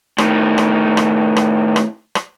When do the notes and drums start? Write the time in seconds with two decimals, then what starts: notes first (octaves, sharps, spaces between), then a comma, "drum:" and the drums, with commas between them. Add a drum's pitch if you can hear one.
0.18 A2 D#3, drum: rim click
0.58 drum: rim click
0.97 drum: rim click
1.36 drum: rim click
1.76 drum: rim click
2.15 drum: rim click